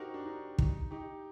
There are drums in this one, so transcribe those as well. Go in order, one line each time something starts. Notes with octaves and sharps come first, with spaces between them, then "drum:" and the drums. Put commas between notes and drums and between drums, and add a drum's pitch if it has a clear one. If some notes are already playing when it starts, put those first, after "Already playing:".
Already playing: D#4 F#4 G4 A#4 C5
D4
D#4
D#4, drum: kick
D#4 G4